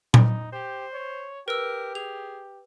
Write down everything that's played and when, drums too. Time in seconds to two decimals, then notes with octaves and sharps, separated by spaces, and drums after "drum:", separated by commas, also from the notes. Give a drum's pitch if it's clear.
0.14 D#4, drum: tom A#2
0.53 G4 C5
0.93 C#5
1.48 G4 A#4 B4 E6
1.95 G#4 F7